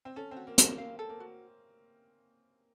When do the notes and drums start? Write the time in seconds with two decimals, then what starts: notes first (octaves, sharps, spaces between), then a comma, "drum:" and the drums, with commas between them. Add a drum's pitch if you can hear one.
0.05 C4
0.16 C#4 A4
0.31 C4
0.37 F#4
0.47 A#3
0.58 A#3 C5, drum: hi-hat
0.78 A#3 F5
0.99 A4
1.09 A#3
1.20 F#4